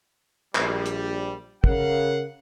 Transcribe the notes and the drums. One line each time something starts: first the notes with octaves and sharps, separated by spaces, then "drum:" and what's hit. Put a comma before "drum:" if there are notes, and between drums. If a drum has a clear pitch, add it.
A#1 G3, drum: clap
drum: hi-hat
C#3 A#4 F5 F#5, drum: kick